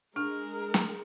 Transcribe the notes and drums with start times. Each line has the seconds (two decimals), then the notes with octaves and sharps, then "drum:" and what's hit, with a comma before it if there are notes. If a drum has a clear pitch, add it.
0.16 G#3 D4 G#4 A#4 F6
0.74 drum: snare